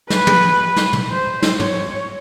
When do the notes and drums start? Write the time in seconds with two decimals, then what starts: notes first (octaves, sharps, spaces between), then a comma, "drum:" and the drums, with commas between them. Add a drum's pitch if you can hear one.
0.10 B4, drum: snare
0.27 drum: tom
0.76 drum: snare
0.93 drum: tom
1.09 C5
1.42 drum: snare
1.60 C#5, drum: tom